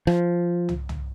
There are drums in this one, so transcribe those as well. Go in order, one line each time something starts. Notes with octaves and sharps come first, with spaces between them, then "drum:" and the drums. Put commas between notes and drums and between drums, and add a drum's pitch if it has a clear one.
F3, drum: rim click
drum: tom
drum: tom